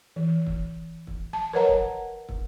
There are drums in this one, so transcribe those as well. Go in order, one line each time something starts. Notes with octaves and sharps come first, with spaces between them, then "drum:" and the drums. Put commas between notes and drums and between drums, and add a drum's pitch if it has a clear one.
E3
drum: kick
drum: kick
A5
A#4 B4 C#5 D#5 F#5 A#5
drum: kick
drum: kick